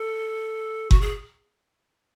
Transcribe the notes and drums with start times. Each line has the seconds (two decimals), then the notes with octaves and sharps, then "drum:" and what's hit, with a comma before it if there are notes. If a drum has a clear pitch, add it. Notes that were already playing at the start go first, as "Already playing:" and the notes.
Already playing: A4
0.91 F#4, drum: kick F#1
1.01 G#4